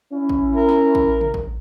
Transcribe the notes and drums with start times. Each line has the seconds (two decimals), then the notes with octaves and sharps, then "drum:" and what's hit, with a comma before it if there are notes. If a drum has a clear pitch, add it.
0.13 C#4 E4
0.29 drum: kick A1
0.56 A#4
0.69 drum: snare
0.95 drum: kick A1
1.21 drum: tom
1.34 drum: kick A1